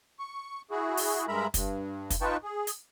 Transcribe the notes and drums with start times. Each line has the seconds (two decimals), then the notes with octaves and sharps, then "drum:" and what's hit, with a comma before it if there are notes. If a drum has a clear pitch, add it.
0.19 C#6
0.71 E4 F#4 G#4
0.97 drum: open hi-hat
1.28 G2 G#3 A#4 E5 A#5 B5
1.54 G2, drum: kick, hi-hat
2.10 drum: kick, hi-hat
2.21 D#4 F4 B4 G5 A5 C#6
2.44 G#4
2.67 drum: hi-hat